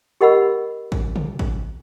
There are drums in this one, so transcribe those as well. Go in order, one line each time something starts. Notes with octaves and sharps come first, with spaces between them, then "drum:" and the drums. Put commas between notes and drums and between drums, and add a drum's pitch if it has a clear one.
G4 A#4 D#5 F#5 B5 E6
drum: kick A1
drum: tom
drum: kick A1